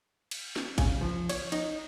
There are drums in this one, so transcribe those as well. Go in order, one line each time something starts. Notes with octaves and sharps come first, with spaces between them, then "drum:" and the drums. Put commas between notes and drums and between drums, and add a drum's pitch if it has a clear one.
drum: cymbal
drum: snare
C#3, drum: kick G#1, cymbal
F3
C#5, drum: cymbal
D#4, drum: cymbal